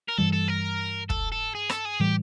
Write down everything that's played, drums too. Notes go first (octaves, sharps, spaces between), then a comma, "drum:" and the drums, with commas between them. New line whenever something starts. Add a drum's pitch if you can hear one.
A#4
G2 E3 G3 A4
A4
A#4
A4, drum: kick
A4
G#4
A4, drum: rim click
G#4
A2 E3 G3 G4